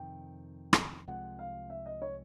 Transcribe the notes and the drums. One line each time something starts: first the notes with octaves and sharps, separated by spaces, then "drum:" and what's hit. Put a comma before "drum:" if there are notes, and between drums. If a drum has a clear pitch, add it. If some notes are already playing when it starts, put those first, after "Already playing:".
Already playing: F2 C3 D#3 G5
drum: rim click
C2 C3 F3 G#3 F#5
F5
E5
D#5
C#5